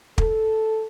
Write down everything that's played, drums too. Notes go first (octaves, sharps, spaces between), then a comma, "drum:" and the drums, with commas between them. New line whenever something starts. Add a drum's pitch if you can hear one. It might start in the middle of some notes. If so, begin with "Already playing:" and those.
A4, drum: kick